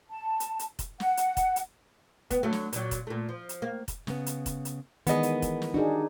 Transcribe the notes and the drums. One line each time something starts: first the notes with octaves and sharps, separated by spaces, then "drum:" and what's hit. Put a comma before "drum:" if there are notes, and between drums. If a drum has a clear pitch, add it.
A5
drum: hi-hat
drum: hi-hat
drum: kick F1, hi-hat
F#5, drum: snare
drum: hi-hat
drum: kick F1, hi-hat
drum: hi-hat
B3, drum: kick F1, hi-hat
D3 F#3 A3
drum: snare
A#2 F#3, drum: hi-hat
drum: kick F1, hi-hat
A#2 A3
F3
drum: hi-hat
A#3
drum: kick F1, hi-hat
C#3 B3, drum: snare
drum: hi-hat
drum: kick F1, hi-hat
drum: hi-hat
D#3 E3 G#3 B3 G#4 D#5, drum: hi-hat
drum: hi-hat
drum: kick F1, hi-hat
drum: snare
G3 D4 D#4 F#4 G#4